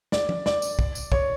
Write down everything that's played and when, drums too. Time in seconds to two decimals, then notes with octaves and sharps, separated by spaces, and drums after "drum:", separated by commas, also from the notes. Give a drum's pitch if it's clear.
0.12 D5, drum: snare
0.29 drum: tom F3
0.46 D5, drum: snare
0.62 drum: tambourine
0.79 drum: kick
0.95 drum: tambourine
1.12 C#5, drum: kick